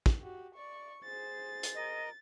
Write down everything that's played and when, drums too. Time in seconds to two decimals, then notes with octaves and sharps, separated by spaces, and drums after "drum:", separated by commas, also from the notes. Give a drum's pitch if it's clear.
0.06 drum: kick
0.20 F#4 G4
0.55 D5 C#6
1.04 G#4 C5 A6
1.63 drum: hi-hat
1.75 A#4 D#5